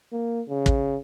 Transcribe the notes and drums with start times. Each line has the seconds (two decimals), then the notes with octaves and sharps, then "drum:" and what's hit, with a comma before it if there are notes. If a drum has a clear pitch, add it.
0.13 A#3
0.49 C#3
0.66 drum: kick